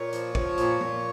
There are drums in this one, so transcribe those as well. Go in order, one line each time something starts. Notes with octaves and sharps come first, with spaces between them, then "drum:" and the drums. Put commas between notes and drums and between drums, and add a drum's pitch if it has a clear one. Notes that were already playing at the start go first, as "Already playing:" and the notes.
Already playing: A#2 C#5
F3, drum: hi-hat
F3, drum: kick
A#2, drum: hi-hat
A#2, drum: tom F3